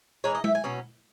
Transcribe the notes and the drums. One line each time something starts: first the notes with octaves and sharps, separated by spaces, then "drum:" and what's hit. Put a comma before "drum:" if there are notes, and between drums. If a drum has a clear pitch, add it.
E3 G#3 D#4 C#5
D#5
E5, drum: tom G#3
G#5
B2 F#3 C#4